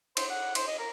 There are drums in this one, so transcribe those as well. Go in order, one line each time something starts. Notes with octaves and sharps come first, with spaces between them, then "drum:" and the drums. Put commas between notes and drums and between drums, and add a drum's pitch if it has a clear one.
C5, drum: cymbal
F#5
C5, drum: cymbal
D#5
A#4